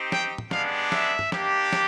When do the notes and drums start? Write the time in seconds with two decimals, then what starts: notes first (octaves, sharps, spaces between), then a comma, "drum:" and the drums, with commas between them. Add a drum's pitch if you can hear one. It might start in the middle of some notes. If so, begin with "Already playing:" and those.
Already playing: C4 D#4 G4
0.12 G5, drum: snare
0.38 drum: tom
0.51 G#3 B3 D4 G4 F5, drum: snare
0.92 E5, drum: snare
1.19 drum: tom
1.32 A#3 D4 G4, drum: snare
1.73 drum: snare